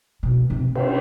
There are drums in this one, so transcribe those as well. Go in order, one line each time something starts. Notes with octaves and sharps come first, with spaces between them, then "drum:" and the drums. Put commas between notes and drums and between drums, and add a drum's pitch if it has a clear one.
B2
C3
drum: cymbal